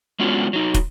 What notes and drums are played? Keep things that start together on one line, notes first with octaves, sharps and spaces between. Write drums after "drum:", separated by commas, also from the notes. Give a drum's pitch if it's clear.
G#3 B3 C#4 D4 F4 F#4
F#3 D#4
drum: kick, hi-hat